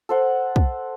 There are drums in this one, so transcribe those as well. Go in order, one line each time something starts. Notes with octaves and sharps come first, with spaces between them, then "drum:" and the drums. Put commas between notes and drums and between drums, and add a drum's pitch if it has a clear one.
A4 C5 F#5
drum: kick